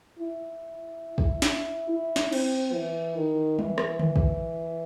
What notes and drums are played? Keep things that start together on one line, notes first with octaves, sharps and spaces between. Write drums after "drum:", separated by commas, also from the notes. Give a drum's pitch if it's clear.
E4
drum: kick
drum: snare
E4
drum: snare
C4, drum: cymbal
E3
D#3
E3, drum: tom F#3
drum: rim click
drum: tom D3
drum: kick